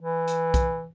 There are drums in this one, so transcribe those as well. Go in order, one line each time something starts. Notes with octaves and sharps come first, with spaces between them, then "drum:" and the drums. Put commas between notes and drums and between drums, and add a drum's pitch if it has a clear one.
E3
drum: hi-hat
drum: kick, hi-hat